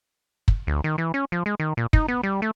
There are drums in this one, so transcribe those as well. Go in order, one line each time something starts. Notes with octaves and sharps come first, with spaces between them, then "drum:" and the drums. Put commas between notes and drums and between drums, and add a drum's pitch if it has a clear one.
drum: kick
D2
D#3
E3
C#4
F3
G#3
D#3
A#2
D#4, drum: kick
B3
G3
A3